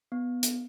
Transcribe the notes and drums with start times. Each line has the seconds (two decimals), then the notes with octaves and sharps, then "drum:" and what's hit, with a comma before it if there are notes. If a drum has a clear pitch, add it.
0.12 B3
0.43 drum: hi-hat